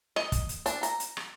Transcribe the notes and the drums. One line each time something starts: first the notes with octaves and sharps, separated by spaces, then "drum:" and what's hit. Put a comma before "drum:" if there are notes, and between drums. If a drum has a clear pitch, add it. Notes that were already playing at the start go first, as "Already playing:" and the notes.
D#5, drum: rim click
drum: kick, hi-hat
drum: hi-hat
D4, drum: hi-hat
A#5, drum: hi-hat
drum: hi-hat
drum: rim click